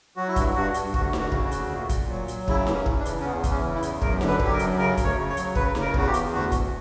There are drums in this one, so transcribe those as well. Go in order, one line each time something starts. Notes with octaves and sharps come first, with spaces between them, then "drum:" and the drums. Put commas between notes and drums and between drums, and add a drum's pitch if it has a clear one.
F#3 F#4
E4
G2 F#4, drum: kick, hi-hat
G2 F#4
G2, drum: hi-hat
D2 F#4, drum: kick
D2, drum: snare D#4
F#4
C#3, drum: kick
F#4
D2, drum: hi-hat
A#2
A#2, drum: kick, hi-hat
F#3
F#3, drum: hi-hat
C#3 E4, drum: kick
E3, drum: snare D#4
C#4
E3, drum: kick
D4
C#3, drum: hi-hat
C#4
E2 B3
E3, drum: kick, hi-hat
C#4
C#3
E4
E2, drum: hi-hat
F#2 A#4, drum: kick
D3, drum: snare D#4
B4
F#3, drum: kick
G4
A#4
F#2, drum: hi-hat
C#3 A#4
D2, drum: kick, hi-hat
C#5
C#3
C#5
F#3, drum: hi-hat
C#3 B4, drum: kick
C#3, drum: snare D#4
A#4
E2 F#4, drum: kick
G4
E2, drum: hi-hat
D2 F#4
D2, drum: kick, hi-hat